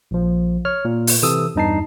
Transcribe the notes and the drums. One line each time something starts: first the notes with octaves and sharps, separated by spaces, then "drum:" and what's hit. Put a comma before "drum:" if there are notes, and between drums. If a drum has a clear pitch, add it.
A#1 F3
C#5 F6
A#2
drum: open hi-hat
C3 E3 A4 D#6 E6
E2 G2 D#4 A5 C7